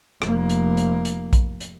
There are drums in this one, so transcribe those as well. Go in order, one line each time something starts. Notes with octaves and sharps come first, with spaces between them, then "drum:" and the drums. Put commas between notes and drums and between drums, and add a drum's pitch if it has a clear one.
F1 A#3, drum: rim click
drum: hi-hat
drum: hi-hat
drum: hi-hat
drum: kick A#1, hi-hat
drum: hi-hat